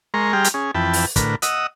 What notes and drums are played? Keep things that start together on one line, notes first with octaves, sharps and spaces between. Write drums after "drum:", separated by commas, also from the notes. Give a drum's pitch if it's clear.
G#3 A#4 A#5 C6 C#6
G3 G#4 G5 A#5 C6 F6
drum: hi-hat
C#4 G#4
F2 E3 G5 A5 B5
drum: open hi-hat
A2 D3 A#4 B4, drum: kick, hi-hat
D#5 F#5 D#6 E6, drum: hi-hat